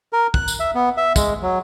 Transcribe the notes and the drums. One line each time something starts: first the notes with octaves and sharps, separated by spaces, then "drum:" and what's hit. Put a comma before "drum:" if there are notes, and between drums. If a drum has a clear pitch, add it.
A#4
F#6, drum: kick
drum: tambourine
E5
B3
E5
G#3, drum: kick, tambourine
F#3